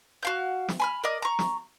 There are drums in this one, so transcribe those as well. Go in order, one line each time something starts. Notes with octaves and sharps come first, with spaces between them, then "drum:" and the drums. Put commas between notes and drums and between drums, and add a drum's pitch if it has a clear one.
F#4 F5 G6
drum: snare
G#5 B5 F6
A#4 D5 D#5
A#5 C#6
drum: snare